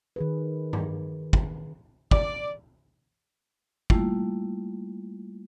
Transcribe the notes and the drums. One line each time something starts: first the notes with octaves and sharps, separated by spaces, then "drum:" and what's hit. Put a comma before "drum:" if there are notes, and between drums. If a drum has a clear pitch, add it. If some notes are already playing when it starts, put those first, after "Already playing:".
D#3 G#4 B4
drum: tom G2
drum: kick
D5, drum: kick
G3 A3 A#3 E4 F4, drum: kick